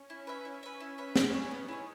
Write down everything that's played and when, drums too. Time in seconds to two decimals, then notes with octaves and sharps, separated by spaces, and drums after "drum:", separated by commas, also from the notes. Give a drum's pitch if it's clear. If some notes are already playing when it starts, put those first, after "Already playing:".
Already playing: C#4
0.10 E4
0.27 B4 E5
0.45 C#4 E4
0.63 B4 E5
0.80 C#4 E4
0.98 B4 E5
1.16 B3 C#4, drum: snare
1.33 E4 G#4 C#5
1.51 B3 D#4
1.68 E4 G#4 C#5